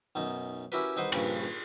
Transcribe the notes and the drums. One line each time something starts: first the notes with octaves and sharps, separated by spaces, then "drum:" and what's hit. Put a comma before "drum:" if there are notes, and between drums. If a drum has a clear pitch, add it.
B1 F#2 D#4
C#4 E4 F#4 G4 A#4 B4
C2 D#4 B4 C5 F#5
A#1 G2 C#3 B4, drum: cymbal